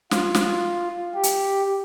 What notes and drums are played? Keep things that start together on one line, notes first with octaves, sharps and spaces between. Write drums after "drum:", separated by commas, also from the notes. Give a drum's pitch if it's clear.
F4, drum: snare
drum: snare
G4
drum: hi-hat